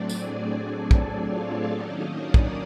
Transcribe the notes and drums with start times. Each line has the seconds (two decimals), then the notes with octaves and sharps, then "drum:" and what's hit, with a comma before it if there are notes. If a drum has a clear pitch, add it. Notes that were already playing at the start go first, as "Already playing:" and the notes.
Already playing: A2 F#3 A3 C4 D4 D5
0.09 G#4 G#5, drum: tambourine
0.62 A4 A5
0.91 drum: kick
1.15 F4 F5
1.68 D#3 F#3 A#3 C#4 D#4 D#5
2.21 D4 D5
2.34 drum: kick